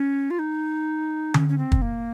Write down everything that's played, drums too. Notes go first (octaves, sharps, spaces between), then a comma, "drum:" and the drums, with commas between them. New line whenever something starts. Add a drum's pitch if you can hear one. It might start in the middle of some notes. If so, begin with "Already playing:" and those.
Already playing: C#4
F4
D#4
C#4, drum: tom D3
C#4
C4
drum: kick
A#3